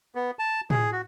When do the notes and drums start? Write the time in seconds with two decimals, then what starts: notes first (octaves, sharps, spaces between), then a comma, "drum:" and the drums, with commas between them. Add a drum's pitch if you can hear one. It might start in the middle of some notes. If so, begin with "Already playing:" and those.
0.15 B3
0.39 A5
0.70 G#4, drum: tom A2
0.92 F#4